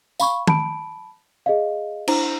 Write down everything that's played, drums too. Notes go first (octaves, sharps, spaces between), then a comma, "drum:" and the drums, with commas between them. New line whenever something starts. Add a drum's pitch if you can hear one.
F5 B5 C#6, drum: tambourine
A5 B5 D7, drum: tom
G#4 D#5 F5
D4 E4 C5 A#5, drum: cymbal